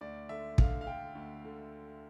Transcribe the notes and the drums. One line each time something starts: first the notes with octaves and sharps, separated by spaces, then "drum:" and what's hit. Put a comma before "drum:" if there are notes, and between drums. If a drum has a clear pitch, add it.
D2 D5
D3 E5
D3 F5, drum: kick
F5
D3 G5
D2
D3